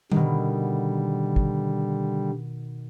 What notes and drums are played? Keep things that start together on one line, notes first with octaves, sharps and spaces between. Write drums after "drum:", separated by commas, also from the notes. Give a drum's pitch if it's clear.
B2 D3 D#3 G3, drum: tom G3
drum: kick